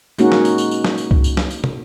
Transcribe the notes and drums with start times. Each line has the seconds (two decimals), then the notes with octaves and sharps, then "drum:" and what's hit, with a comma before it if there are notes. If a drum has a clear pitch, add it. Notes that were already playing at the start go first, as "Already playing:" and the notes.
0.19 G#3 A#3 C#4 D#4 F#4, drum: tambourine
0.32 drum: snare
0.45 drum: tambourine
0.58 drum: tambourine
0.71 drum: tambourine
0.85 drum: snare
0.98 drum: tambourine
1.11 drum: kick C2
1.24 drum: tambourine
1.37 drum: snare
1.51 drum: tambourine
1.64 drum: tom